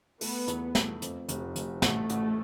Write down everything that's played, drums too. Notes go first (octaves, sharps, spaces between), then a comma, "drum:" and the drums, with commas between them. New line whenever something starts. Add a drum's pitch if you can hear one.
A3 B3, drum: open hi-hat
E2, drum: hi-hat
A3, drum: snare
F2, drum: hi-hat
F1, drum: hi-hat
F1, drum: hi-hat
A1 A3, drum: snare
A1, drum: hi-hat